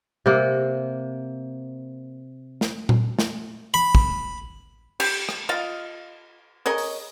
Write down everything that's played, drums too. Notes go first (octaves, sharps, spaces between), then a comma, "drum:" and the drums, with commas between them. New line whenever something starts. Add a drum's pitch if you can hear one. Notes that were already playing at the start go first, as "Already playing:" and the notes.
C3 A#3
drum: snare
drum: tom A#2
drum: snare
B5
drum: kick
G4, drum: cymbal
drum: rim click
F4 D#5 F5
G#4 A#4 C#5 D#5
drum: open hi-hat